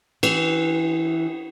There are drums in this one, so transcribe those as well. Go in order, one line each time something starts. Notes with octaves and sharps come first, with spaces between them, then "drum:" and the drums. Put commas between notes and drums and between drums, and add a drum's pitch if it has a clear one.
E3, drum: cymbal